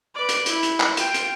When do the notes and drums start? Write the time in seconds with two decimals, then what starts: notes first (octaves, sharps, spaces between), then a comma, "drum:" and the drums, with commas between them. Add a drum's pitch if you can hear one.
0.15 B4 D5
0.29 drum: hi-hat
0.46 E4, drum: hi-hat
0.63 drum: hi-hat
0.80 drum: clap
0.97 F4 G5, drum: hi-hat
1.14 drum: hi-hat